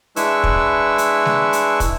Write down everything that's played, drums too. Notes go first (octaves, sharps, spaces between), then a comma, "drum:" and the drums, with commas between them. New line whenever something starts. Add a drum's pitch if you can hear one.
G#3 D4 E4 B4 C#6 E6, drum: hi-hat
drum: kick
drum: hi-hat
drum: snare
drum: hi-hat
drum: kick, hi-hat